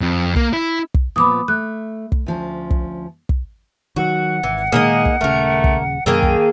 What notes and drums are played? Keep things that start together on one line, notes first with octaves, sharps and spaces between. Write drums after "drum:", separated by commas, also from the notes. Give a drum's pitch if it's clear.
F2
A#3, drum: kick
E4
drum: kick
A#2 F3 B3 B5 D6 D#6
A3 F#6
drum: kick
D2 F3 C#4
drum: kick
drum: kick
D#3 F#3 F#4 F#5
G#1 E3
A#2 D#3 G#3 A#3 D#4 G#4 D#5
drum: kick
D#1 C#3 A3 A#3 A#4
drum: kick
F#2 D#3 A#3 G#4 A4 G5
drum: kick